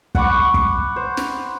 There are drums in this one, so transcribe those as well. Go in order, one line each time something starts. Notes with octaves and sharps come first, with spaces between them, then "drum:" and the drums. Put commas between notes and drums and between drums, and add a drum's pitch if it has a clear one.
F#5 B5 C#6 D6, drum: kick
drum: kick
C5
drum: snare